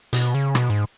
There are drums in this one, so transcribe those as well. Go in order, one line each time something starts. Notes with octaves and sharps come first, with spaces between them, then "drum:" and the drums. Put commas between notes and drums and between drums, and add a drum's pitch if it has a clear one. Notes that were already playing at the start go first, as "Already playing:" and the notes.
B2, drum: hi-hat
C#3
B2, drum: rim click
G#2